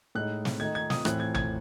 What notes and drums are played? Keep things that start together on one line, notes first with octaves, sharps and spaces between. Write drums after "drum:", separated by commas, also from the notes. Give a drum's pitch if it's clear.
A2 G#3 D#4 F#6
drum: snare
D#3 A3 D#4 G#6
G#6
D#6, drum: snare
A2 E3 C4 E4 F#6, drum: rim click
G#6
G#6, drum: tom